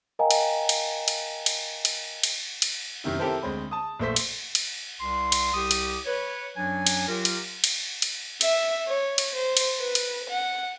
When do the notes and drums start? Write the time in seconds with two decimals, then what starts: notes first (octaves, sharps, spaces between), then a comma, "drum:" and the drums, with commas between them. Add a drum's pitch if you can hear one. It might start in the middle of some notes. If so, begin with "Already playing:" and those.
0.19 A#4 D#5 F5 G5 G#5 A#5
0.31 drum: cymbal
0.69 drum: cymbal
1.08 drum: cymbal
1.46 drum: cymbal
1.85 drum: cymbal
2.23 drum: cymbal
2.62 drum: cymbal
3.04 F#2 C3 D#3 E4
3.19 C4 E4 G4 A4 A#4 C5
3.42 D2 G#3 C4 B5
3.71 A5 D#6
4.00 A#1 A3 C5 B6
4.16 drum: cymbal
4.55 drum: cymbal
5.00 C2 C6
5.32 drum: cymbal
5.54 C2 G4 D#6
5.71 drum: cymbal
6.06 B4 C#5
6.57 F#2 F#3 D4 C#5 G#5
6.87 drum: cymbal
7.08 F#3 F4 G4 A#4
7.25 drum: cymbal
7.64 drum: cymbal
8.02 drum: cymbal
8.41 E5, drum: cymbal
8.87 C#5
9.18 drum: cymbal
9.35 C5
9.57 drum: cymbal
9.80 B4
9.95 drum: cymbal
10.29 F#5